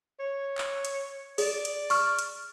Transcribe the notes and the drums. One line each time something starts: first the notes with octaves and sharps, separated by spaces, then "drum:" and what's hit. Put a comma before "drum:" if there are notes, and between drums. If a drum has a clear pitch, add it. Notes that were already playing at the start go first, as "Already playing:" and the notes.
C#5
drum: clap
drum: hi-hat
G#4 D5, drum: open hi-hat
drum: hi-hat
C#6 F6, drum: open hi-hat
drum: hi-hat